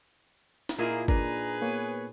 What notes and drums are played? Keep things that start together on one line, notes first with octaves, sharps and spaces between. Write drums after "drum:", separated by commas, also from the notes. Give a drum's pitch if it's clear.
drum: snare
A#2 A#3 D#4 E4 G#4
D4 G#4 A#4 B4 D5 A#5, drum: kick G1
A#3 B3 C#5